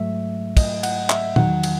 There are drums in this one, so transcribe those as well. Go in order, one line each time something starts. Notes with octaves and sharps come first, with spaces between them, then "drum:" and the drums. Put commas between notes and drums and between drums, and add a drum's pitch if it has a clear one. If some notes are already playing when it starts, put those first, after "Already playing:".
Already playing: G#2 F#3 A3 E5
D#5, drum: kick, cymbal
F#5, drum: cymbal
E5, drum: clap
E2 D#3 F#3 F#5, drum: tom
drum: cymbal